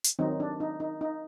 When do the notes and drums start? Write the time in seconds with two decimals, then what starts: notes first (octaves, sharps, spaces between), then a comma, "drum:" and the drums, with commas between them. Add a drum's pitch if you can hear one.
0.04 drum: hi-hat
0.19 D#3 F#3 C4 D#4
0.40 D4
0.60 D#4
0.80 D#4
1.01 D#4